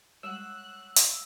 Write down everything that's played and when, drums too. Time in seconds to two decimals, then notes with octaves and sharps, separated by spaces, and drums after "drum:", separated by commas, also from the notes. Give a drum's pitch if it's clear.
0.23 G3 G#3 C#5 F#5 E6 F#6
0.96 drum: hi-hat